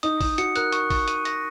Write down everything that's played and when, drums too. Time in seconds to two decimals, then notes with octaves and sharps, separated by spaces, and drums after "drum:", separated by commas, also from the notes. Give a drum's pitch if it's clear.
0.03 D#4 D#6, drum: hi-hat
0.21 D#4 D#6, drum: kick, open hi-hat
0.38 F#4 C#7, drum: hi-hat
0.56 A#4 F#6, drum: hi-hat
0.72 C#6, drum: hi-hat
0.90 C#6, drum: kick, open hi-hat
1.08 D#7, drum: hi-hat
1.25 A#6, drum: hi-hat